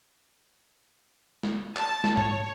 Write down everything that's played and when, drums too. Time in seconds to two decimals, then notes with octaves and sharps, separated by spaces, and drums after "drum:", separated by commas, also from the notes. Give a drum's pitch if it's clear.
1.43 drum: snare
1.77 A5, drum: clap
2.04 drum: snare
2.17 C#5, drum: tom G#2